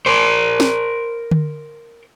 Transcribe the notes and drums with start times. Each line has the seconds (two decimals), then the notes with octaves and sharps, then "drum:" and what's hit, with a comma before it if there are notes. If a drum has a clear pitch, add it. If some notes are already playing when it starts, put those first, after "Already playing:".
0.06 A#4 C5
0.60 drum: snare
1.31 drum: tom D3